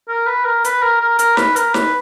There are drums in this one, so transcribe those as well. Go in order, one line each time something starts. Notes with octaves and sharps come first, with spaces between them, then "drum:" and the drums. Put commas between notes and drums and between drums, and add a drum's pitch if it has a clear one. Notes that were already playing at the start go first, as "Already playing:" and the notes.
A#4
B4
A#4
B4, drum: hi-hat
A#4
A#4
A#4, drum: hi-hat
B4, drum: snare
A#4, drum: hi-hat
B4, drum: snare